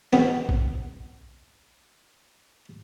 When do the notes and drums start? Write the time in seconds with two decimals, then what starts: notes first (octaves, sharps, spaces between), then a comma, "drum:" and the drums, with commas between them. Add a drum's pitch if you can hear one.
0.13 E2 B2 B3 C4, drum: snare
0.49 drum: kick